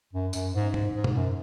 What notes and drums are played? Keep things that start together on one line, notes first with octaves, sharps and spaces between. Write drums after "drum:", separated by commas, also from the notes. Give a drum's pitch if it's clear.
F#2
F#2, drum: tambourine
G#2
G#2, drum: tom
G#2
drum: tom B2
F#2